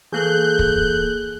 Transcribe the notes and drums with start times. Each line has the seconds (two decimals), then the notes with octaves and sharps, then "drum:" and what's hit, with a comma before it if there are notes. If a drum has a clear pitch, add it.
0.12 E3 A#3 G#4 A4 F#6 G6
0.59 drum: kick